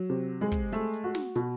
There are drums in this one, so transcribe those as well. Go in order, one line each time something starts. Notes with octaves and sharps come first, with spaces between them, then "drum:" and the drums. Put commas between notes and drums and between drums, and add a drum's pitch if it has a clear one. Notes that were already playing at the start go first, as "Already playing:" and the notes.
Already playing: F#3
C3
G#3
drum: kick, hi-hat
A3, drum: hi-hat
drum: hi-hat
F#4
drum: snare
B2, drum: hi-hat